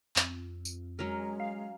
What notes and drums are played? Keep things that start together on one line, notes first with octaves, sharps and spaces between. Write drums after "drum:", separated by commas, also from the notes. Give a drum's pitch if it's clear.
F2, drum: clap
drum: tambourine
F#3 G#3 C#4 A#4
F5